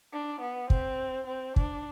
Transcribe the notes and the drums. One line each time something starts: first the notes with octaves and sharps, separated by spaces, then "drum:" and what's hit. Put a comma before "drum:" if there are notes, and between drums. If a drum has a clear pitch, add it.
D4
B3
C4, drum: kick
C4
D4, drum: kick